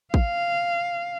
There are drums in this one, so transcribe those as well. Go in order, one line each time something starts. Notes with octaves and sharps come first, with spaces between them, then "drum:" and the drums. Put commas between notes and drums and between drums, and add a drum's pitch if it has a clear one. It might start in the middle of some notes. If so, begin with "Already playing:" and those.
F5, drum: kick